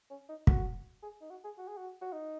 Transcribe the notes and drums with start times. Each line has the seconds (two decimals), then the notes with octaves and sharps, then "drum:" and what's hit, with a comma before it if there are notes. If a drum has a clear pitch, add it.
0.10 C#4
0.29 D#4
0.47 F#4, drum: kick
1.03 G#4
1.21 D#4
1.30 F#4
1.44 G#4
1.57 F#4
1.68 G#4
1.77 F#4
2.01 F#4
2.12 D#4